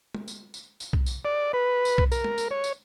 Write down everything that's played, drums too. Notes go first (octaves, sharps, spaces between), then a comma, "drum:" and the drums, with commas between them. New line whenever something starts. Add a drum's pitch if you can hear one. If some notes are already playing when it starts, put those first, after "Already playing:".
drum: tom G#3
drum: tambourine
drum: tambourine
drum: tambourine
drum: kick
drum: tambourine
D5
B4
drum: tambourine
drum: kick
A#4, drum: tambourine
drum: tom G#3
drum: tambourine
C#5
drum: tambourine